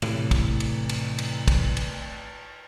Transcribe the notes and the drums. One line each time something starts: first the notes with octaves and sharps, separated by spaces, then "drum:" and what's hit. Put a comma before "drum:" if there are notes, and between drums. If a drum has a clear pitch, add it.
A2 C3 E3, drum: cymbal
drum: kick, cymbal
drum: cymbal
drum: cymbal
drum: cymbal
drum: kick, cymbal
drum: cymbal